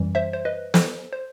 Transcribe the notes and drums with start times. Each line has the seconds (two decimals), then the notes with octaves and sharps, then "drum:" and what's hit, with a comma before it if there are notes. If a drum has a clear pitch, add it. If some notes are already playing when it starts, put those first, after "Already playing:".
Already playing: F#2 E3 G3
0.15 C5 E5
0.33 C5
0.45 B4 D#5
0.74 A4 C5, drum: snare
1.13 C5